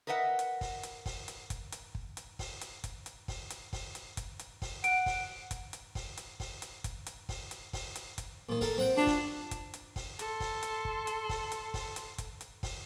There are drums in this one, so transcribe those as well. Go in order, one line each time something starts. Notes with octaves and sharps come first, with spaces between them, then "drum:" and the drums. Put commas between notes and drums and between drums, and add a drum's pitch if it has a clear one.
A#4 B4 D#5 E5 F#5
drum: hi-hat
drum: kick, open hi-hat
drum: hi-hat
drum: kick, open hi-hat
drum: hi-hat
drum: kick, hi-hat
drum: hi-hat
drum: kick
drum: hi-hat
drum: kick, open hi-hat
drum: hi-hat
drum: kick, hi-hat
drum: hi-hat
drum: kick, open hi-hat
drum: hi-hat
drum: kick, open hi-hat
drum: hi-hat
drum: kick, hi-hat
drum: hi-hat
drum: kick, open hi-hat
F#5 D7, drum: hi-hat
drum: kick, open hi-hat
drum: kick, hi-hat
drum: hi-hat
drum: kick, open hi-hat
drum: hi-hat
drum: kick, open hi-hat
drum: hi-hat
drum: kick, hi-hat
drum: hi-hat
drum: kick, open hi-hat
drum: hi-hat
drum: kick, open hi-hat
drum: hi-hat
drum: kick, hi-hat
A#2 D#3
A4 A#4, drum: kick, open hi-hat
C4 F#5 G5
D4 F4 F#4
drum: kick, open hi-hat
drum: kick, hi-hat
drum: hi-hat
drum: kick, open hi-hat
A4 C6, drum: hi-hat
drum: kick, open hi-hat
drum: hi-hat
drum: kick
drum: hi-hat
drum: kick, open hi-hat
drum: hi-hat
drum: kick, open hi-hat
drum: hi-hat
drum: kick, hi-hat
drum: hi-hat
drum: kick, open hi-hat